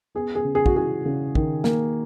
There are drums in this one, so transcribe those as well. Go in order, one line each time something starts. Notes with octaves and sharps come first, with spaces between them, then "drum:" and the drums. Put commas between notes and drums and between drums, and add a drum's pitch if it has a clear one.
B3 G#4
G#4
C#3
G#4
F#4, drum: kick
E3 G#4
C#3
D#3, drum: kick
A#3, drum: snare